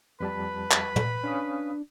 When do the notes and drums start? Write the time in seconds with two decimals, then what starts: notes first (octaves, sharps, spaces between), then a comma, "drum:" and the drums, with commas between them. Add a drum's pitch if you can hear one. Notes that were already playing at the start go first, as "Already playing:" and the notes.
0.20 F2 G3 B4 A5 B5
0.71 drum: clap
0.96 drum: tom
1.24 C#4 D4 F5 D#6